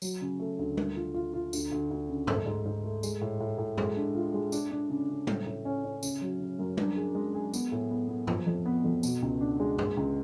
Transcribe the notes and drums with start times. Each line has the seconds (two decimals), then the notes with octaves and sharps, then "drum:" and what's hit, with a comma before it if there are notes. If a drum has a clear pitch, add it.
0.02 F#3, drum: tambourine
0.21 C#3
0.40 A3
0.59 D2
0.77 A3, drum: tom G3
0.96 F4
1.14 F4
1.33 F4
1.53 D2, drum: tambourine
1.71 D2
1.90 D2
2.09 C#3
2.27 A3, drum: tom F#2
2.46 G#2
2.65 G#2
2.84 A3
3.03 G#3, drum: tambourine
3.21 A2
3.40 A2
3.58 A2
3.78 G#3, drum: tom F#2
3.96 D4
4.15 F4
4.34 G#3
4.52 D4, drum: tambourine
4.71 D4
4.90 C#3
5.09 C#3
5.27 A2, drum: tom G3
5.46 A2
5.65 C#4
5.84 C#4
6.03 C#3, drum: tambourine
6.22 F#3
6.40 C#3
6.59 F#2
6.77 D4, drum: tom G3
6.96 G#4
7.15 G#3
7.34 G#4
7.54 B3, drum: tambourine
7.72 A2
7.90 B3
8.09 B3
8.27 F3, drum: tom F#2
8.47 F2
8.66 B3
8.84 F2
9.03 B2, drum: tambourine
9.22 C#2
9.41 D4
9.60 G#3
9.78 G#3, drum: tom F#2
9.97 C#2